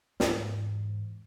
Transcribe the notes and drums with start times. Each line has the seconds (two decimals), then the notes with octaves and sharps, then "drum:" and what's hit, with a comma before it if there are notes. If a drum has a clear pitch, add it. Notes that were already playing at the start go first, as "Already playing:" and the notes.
0.20 E2 G#2, drum: snare